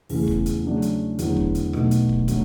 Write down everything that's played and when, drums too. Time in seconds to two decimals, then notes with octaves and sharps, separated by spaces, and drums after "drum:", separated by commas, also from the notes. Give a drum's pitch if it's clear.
0.09 E2 C#3 E3 A3, drum: open hi-hat
0.28 drum: kick
0.46 drum: hi-hat
0.64 C#3 F#3 A3 D4
0.82 drum: hi-hat
1.19 E2 D3 F#3 A3, drum: hi-hat
1.37 drum: kick
1.55 drum: hi-hat
1.73 B1 B2 A3, drum: rim click
1.91 drum: hi-hat
2.09 drum: kick
2.28 D3 F#3 A3, drum: kick, hi-hat